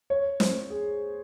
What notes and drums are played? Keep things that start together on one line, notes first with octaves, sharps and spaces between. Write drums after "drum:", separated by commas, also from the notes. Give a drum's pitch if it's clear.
C#5
C5, drum: snare
G#4